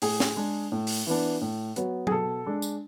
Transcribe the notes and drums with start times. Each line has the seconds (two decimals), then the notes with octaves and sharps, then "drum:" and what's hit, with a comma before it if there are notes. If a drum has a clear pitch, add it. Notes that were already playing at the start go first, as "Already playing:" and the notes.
0.02 A2 G#4, drum: open hi-hat
0.20 drum: snare
0.37 G#3 D4
0.72 A2
0.87 drum: open hi-hat
1.07 E3 B3 D4
1.41 A2
1.76 F#3 B3, drum: hi-hat
2.07 G#4, drum: tom F#3
2.11 B2 A4
2.46 G#3 D4
2.62 drum: tambourine